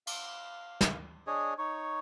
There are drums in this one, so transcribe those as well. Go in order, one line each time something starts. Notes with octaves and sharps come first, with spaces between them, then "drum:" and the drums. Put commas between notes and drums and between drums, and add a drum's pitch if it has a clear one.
F5, drum: cymbal
drum: snare
D4 G#4 C#5 D#5
D#4 C#5 C#6